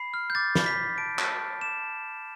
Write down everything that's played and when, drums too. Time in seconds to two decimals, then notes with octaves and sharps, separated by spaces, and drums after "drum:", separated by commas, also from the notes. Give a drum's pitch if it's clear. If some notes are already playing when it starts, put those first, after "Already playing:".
Already playing: B5 C7
0.14 F6
0.30 G6
0.35 D6 A6
0.55 B5, drum: snare
0.66 B6
0.77 B5
0.98 A5 D7
1.19 A5, drum: clap
1.41 F6
1.61 D6 E7
1.82 A5
2.03 A5